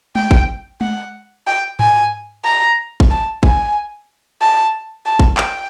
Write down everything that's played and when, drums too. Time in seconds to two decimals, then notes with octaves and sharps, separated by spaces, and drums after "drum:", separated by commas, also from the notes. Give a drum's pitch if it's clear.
0.15 G5, drum: tom G#3
0.31 drum: kick G#1
0.81 F#5, drum: tom G#3
1.47 G5
1.79 G#5, drum: tom G#2
2.44 A#5
3.00 drum: kick G#1
3.10 A5
3.43 G#5, drum: kick G#1
4.41 A5
5.05 A5
5.19 drum: kick G#1
5.37 G5, drum: clap